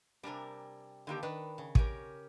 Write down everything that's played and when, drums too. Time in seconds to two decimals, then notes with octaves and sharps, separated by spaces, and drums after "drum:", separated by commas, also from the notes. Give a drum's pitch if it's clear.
0.23 C3 G3 D4 A#4 G#5
1.07 D3 D#3 A#3 G4
1.23 D#3 D4 B4
1.58 C#3
1.75 C#4 G4 A#4, drum: kick